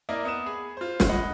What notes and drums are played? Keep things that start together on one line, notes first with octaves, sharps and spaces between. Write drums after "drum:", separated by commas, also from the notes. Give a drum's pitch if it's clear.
A#3 E4 A#4 D5 D#5
B3 D#6 E7
G#4 B5
F4 C5
drum: snare
D#5 F#5 B5